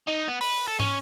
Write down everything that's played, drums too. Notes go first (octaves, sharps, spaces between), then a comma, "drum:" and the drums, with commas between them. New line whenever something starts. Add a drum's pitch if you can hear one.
D#4
B3
B4, drum: open hi-hat
A4
C#4, drum: tom